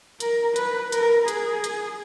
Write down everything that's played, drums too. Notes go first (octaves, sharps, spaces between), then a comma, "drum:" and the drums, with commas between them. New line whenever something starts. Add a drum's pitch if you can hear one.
A#4, drum: hi-hat
B4, drum: hi-hat
A#4, drum: hi-hat
G#4, drum: hi-hat
drum: hi-hat